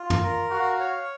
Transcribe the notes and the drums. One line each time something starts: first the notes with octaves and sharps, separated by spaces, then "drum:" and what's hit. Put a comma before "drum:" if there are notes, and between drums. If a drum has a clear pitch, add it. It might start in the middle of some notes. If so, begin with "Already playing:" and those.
Already playing: F4
drum: tom
A#4
F#4 F5
C#5